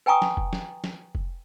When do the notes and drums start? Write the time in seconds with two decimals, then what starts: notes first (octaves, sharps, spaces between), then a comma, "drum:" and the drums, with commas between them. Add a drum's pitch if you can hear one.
0.06 B4 G5 G#5 A#5 C#6 D#6
0.22 drum: snare
0.37 drum: kick F1
0.53 drum: snare
0.84 drum: snare
1.15 drum: kick F1